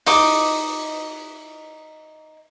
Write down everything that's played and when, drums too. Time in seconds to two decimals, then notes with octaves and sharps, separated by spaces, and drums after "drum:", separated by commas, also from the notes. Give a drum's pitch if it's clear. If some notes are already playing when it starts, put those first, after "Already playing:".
0.06 D#4 D#5 D6, drum: open hi-hat